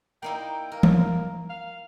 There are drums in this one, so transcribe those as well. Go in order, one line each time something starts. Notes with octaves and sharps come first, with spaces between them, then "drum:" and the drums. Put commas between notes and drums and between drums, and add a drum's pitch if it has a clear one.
A#3 D#4 E4 G5
A#3 A#4
drum: tom E3
F5